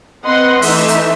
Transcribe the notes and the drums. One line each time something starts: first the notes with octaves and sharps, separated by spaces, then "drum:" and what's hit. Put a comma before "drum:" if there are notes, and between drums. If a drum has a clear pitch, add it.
C4 B4 D#5 F#5 C6
E3 A3 D#4 E5, drum: open hi-hat
drum: hi-hat